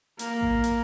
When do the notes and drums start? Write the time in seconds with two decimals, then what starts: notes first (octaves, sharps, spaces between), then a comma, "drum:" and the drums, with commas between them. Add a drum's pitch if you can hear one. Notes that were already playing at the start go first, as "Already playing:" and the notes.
0.19 A#3, drum: hi-hat
0.41 drum: kick A1
0.64 drum: hi-hat